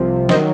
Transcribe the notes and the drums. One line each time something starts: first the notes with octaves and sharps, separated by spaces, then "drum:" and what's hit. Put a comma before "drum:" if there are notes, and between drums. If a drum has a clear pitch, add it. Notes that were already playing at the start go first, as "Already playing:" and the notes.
Already playing: C2 C3 F3
D#3 F#3 C5 D#5, drum: snare